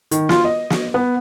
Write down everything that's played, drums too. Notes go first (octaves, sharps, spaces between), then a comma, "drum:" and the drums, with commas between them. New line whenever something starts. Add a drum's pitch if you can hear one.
D#3, drum: hi-hat
F4, drum: snare
D#5
drum: snare
B3